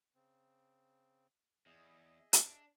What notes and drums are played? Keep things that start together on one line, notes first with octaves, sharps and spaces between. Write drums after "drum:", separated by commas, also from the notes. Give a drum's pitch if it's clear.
C#3 C4
E2 G#4 D#5 E5
D4, drum: hi-hat